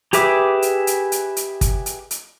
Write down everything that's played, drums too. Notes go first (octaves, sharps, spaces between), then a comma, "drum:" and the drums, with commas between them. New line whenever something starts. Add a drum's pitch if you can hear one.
G4 G#4 B4 E5 D6, drum: hi-hat
drum: hi-hat
drum: hi-hat
drum: hi-hat
drum: hi-hat
drum: kick, hi-hat
drum: hi-hat
drum: hi-hat